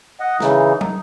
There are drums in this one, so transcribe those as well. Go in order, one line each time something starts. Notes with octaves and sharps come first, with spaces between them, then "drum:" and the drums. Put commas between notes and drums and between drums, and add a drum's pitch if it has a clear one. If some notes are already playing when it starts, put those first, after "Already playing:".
D#5 F#5
C#3 E3 D#4, drum: snare
D#4, drum: tom